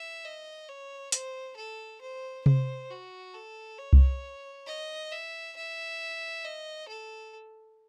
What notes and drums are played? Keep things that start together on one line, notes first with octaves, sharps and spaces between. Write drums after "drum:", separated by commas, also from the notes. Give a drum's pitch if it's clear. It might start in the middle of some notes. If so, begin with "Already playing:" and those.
Already playing: E5
D#5
C#5
C5, drum: hi-hat
A4
C5
C5, drum: tom C3
F#4
A4
C#5
drum: kick C2
D#5
E5
E5
D#5
A4